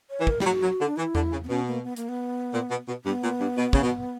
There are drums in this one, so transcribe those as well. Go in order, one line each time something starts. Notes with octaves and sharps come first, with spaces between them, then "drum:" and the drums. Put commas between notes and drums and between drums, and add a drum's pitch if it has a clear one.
C#5
E3
A#4, drum: kick
G3, drum: snare
F#3 F#4
F#3
D3
D4
E3 E4
D3, drum: tom E2
C#3
B3
B2 C#4
A#3
B3
A#3, drum: hi-hat
B3
A#2
B2
B2
G2 B3
A#2
G2
B2
C#3, drum: kick
B2